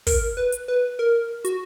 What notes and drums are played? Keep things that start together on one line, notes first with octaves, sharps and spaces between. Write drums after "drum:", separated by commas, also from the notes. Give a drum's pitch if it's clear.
A#4, drum: kick, open hi-hat
B4
drum: hi-hat
B4
A#4
F#4, drum: hi-hat